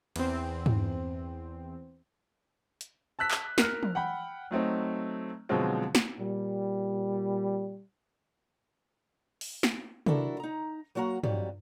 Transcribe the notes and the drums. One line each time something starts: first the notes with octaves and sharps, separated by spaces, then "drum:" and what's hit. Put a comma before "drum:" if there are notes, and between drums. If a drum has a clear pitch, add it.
E2 C4, drum: cymbal
drum: tom
drum: hi-hat
A5 E6 F#6 B6
drum: clap
A#4 F6, drum: snare
drum: tom
F#5 G5 B5
F#3 A3 C4 D#4
B2 D3 F3 F#3 G#3 C4
drum: snare
A#2 G3
drum: open hi-hat
drum: snare
D4 E4 F#4 A4 A#4, drum: tom
D#4 A#5
F#3 A#3 F#4 F#5 A#5
F2 F#3 G3, drum: tom G2